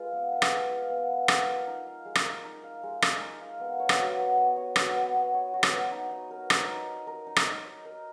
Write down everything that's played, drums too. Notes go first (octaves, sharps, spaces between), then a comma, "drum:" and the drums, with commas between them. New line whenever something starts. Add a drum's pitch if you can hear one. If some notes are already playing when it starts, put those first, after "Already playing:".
Already playing: G#3 F4 B4
B3
B4
drum: rim click
G#3
F4
B3
B4
G#3, drum: rim click
A#4
D#4
F5
G#3
drum: rim click
A#4
D#4
F5
G#3
A#4, drum: rim click
D#4
F5
B3
C#5
drum: rim click
F#4
B3
B3
C#5
F#4, drum: rim click
B3
B3
C#5
F#4
drum: rim click
B3
D#4
D#5
A#4
D#4, drum: rim click
D#4
D#5
A#4
D#4
drum: rim click
D#4
D#5
A#4